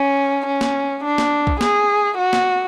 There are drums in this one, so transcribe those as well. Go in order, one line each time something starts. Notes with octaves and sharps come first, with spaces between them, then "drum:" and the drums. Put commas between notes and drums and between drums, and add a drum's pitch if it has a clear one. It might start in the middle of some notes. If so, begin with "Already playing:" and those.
Already playing: C#4
C#4
drum: snare
D4
drum: snare
drum: kick
G#4, drum: snare
F#4
drum: snare